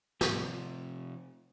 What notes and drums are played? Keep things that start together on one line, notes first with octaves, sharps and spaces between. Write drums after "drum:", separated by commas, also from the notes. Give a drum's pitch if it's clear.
C3 F3, drum: snare